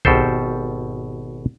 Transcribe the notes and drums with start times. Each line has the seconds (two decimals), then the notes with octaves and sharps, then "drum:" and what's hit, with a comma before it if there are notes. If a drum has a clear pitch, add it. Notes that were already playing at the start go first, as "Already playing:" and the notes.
0.05 G#1 B2 G4 A4 C5, drum: kick B1